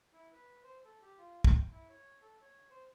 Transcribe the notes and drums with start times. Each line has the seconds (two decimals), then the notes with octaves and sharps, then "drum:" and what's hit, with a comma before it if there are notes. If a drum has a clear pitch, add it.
0.13 E4
0.32 B4
0.63 C5
0.85 A4
1.02 G4
1.18 F4
1.44 G5, drum: kick
1.71 E4
1.90 C#5
2.22 A4
2.41 C#5
2.70 C5